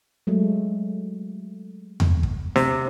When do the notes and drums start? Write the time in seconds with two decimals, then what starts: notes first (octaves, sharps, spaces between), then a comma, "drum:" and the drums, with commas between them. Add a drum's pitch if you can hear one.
0.27 F#3 G#3 A3
2.00 drum: tom E2
2.23 drum: kick
2.56 C3, drum: snare